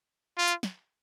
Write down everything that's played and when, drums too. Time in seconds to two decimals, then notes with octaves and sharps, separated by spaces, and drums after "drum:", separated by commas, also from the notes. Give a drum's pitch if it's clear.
0.38 F4
0.48 drum: hi-hat
0.63 drum: snare